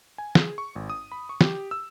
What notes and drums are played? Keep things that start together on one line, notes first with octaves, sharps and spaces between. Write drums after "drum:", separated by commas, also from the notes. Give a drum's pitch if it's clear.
G#5
G#4, drum: snare
C#6
G#1
D#6
B5
C#6
G4, drum: snare
E6